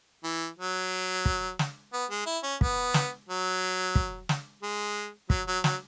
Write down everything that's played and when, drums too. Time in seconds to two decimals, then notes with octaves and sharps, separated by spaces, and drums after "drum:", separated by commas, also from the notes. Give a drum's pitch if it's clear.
0.24 E3
0.59 F#3
1.25 drum: kick
1.59 drum: snare
1.93 B3
2.10 G#3
2.26 E4
2.43 C#4
2.61 B3, drum: kick
2.94 drum: snare
3.29 F#3
3.95 drum: kick
4.29 drum: snare
4.63 G#3
5.30 F#3, drum: kick
5.47 F#3
5.64 F#3, drum: snare